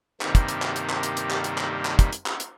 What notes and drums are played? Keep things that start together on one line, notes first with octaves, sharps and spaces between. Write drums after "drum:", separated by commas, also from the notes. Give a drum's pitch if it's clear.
G2 C3 D#3 G3 A#3, drum: clap
drum: kick, hi-hat
drum: hi-hat
drum: clap
drum: hi-hat
drum: clap
drum: hi-hat
drum: hi-hat
drum: clap
drum: hi-hat
drum: clap
drum: clap
drum: kick, hi-hat
drum: hi-hat
drum: clap
drum: hi-hat